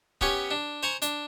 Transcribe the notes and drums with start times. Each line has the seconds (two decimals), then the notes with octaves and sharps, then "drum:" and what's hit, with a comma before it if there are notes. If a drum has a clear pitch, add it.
0.21 B3 C#4 G4 B4 C#5 G#5, drum: kick D1
0.51 D4
0.83 C5 G#5 A#5 C#6
1.02 D4, drum: hi-hat